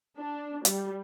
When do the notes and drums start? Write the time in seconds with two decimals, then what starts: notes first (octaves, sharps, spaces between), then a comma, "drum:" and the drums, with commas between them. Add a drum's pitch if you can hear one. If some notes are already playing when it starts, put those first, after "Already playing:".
0.18 D4
0.65 G3, drum: hi-hat